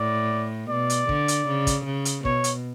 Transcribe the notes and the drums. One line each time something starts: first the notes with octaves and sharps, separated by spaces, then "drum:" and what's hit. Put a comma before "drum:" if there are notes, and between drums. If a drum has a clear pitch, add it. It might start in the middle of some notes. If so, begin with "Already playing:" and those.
Already playing: A2 D5
B2 D5
drum: hi-hat
D3, drum: kick
drum: hi-hat
C#3
drum: kick, hi-hat
C#3
drum: hi-hat
B2 C#5, drum: kick
drum: hi-hat